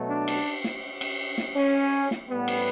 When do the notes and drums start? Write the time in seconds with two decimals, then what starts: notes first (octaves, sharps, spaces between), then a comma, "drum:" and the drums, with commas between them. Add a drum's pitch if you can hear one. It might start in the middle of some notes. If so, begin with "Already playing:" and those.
Already playing: B2 F#3 A3
0.09 D4
0.28 drum: cymbal
0.64 drum: snare
1.01 drum: cymbal
1.38 drum: snare
1.56 C#4
2.11 drum: snare
2.30 A2 G3 B3
2.48 drum: cymbal